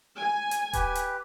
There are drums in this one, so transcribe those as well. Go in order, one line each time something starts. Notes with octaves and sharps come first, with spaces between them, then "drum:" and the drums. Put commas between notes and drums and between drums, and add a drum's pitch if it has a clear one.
G#5
drum: hi-hat
G4 B4, drum: kick D#1, hi-hat
drum: hi-hat